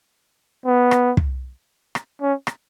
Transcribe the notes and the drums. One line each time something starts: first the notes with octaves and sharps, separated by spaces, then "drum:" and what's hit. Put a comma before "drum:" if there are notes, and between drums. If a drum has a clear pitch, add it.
B3
drum: rim click
drum: kick
drum: rim click
C#4
drum: rim click